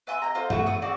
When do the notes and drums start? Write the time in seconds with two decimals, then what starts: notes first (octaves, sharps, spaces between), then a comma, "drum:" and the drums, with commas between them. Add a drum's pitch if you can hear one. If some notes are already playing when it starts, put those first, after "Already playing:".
0.07 B4 E5 G#5 C6
0.22 D#5 G#5 A#5
0.35 F4 A4 C5 D#5
0.50 A3 F#4 G#4 B4, drum: tom G2
0.66 A3 C#5 D#6
0.82 C4 F#4 G#4 D5